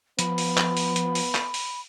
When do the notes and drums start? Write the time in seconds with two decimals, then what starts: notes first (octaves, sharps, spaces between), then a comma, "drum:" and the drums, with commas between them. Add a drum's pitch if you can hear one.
0.19 F3 B3 B5, drum: hi-hat
0.38 drum: open hi-hat
0.57 drum: clap
0.77 drum: open hi-hat
0.96 drum: hi-hat
1.15 drum: open hi-hat
1.35 drum: clap
1.54 drum: open hi-hat